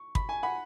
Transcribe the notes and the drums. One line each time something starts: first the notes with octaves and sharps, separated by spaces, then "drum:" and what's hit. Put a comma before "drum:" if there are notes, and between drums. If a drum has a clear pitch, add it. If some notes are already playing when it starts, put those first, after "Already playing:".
Already playing: C#6
B5, drum: kick
G#5
F#5 B5